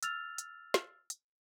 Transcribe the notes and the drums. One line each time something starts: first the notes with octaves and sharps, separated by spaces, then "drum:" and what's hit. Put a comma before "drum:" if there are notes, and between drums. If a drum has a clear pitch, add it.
E6 F6 A6 F7, drum: hi-hat
drum: hi-hat
drum: snare
drum: hi-hat